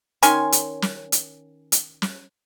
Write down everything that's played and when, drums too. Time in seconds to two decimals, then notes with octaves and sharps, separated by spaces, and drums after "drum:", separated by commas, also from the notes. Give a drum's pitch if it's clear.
0.23 D#3 C#4 G#5 C6, drum: hi-hat
0.52 drum: hi-hat
0.82 drum: snare
1.12 drum: hi-hat
1.72 drum: hi-hat
2.02 drum: snare